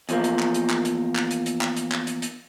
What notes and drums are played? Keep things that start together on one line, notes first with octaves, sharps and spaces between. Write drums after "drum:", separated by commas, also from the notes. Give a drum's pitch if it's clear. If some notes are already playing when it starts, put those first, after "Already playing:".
E2 F3 A#3, drum: hi-hat
drum: hi-hat
drum: clap
drum: hi-hat
drum: clap
drum: hi-hat
drum: clap
drum: hi-hat
drum: hi-hat
drum: clap
drum: hi-hat
drum: clap
drum: hi-hat
drum: hi-hat